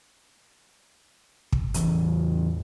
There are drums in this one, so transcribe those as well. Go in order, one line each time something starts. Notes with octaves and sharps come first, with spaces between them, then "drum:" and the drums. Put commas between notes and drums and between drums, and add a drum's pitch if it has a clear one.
drum: kick
A1 E2 E3 C#4, drum: hi-hat